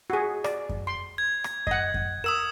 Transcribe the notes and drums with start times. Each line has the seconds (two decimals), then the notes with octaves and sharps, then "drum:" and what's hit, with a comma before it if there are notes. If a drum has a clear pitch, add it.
0.10 F#4 G#4
0.44 D5, drum: rim click
0.69 drum: kick F#2
0.87 C6
1.18 G#6
1.44 drum: rim click
1.67 D#5 F#5, drum: kick F#2
1.94 drum: kick F#2
2.24 A#4 D#6 E6 E7